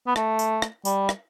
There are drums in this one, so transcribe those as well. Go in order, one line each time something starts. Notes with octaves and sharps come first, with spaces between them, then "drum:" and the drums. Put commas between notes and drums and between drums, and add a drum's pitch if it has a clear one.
B3
A3, drum: rim click
drum: tambourine
drum: rim click
G3, drum: tambourine
drum: rim click